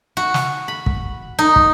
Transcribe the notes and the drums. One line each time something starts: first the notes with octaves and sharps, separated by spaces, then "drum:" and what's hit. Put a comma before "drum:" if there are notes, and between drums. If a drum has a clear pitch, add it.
F#4
drum: snare
B5
drum: kick
D#4
drum: kick